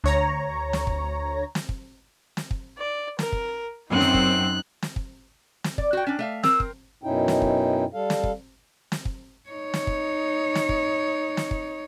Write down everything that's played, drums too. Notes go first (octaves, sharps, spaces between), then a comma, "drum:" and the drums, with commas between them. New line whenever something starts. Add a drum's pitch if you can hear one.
D2 C#5 A#5
drum: snare
drum: kick
drum: snare
drum: kick
drum: snare
drum: kick
D5
A#4, drum: snare
drum: kick
F#2 C4 D#4 F#6
drum: snare
drum: kick
drum: snare
drum: kick
drum: snare
D5, drum: kick
F#4 G5
C#4 D4
A3 E5 F5
C4 A#4 E6, drum: snare
drum: kick
F#2 B2 C#4 D#4 E4 G5
drum: snare
drum: kick
G3 A4 F5
drum: snare
drum: kick
drum: snare
drum: kick
D#4 C#5
drum: snare
drum: kick
drum: snare
drum: kick
drum: snare
drum: kick